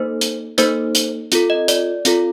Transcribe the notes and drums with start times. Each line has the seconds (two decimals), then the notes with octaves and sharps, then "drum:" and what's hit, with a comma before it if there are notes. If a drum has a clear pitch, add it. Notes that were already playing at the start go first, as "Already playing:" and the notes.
Already playing: A#3 D#4 A4 C5
0.21 drum: hi-hat
0.58 A#3 D#4 A4 C5, drum: hi-hat
0.95 drum: hi-hat
1.32 C4 F4 A4, drum: hi-hat
1.50 D#5
1.68 D5, drum: hi-hat
2.05 C4 F4 A4, drum: hi-hat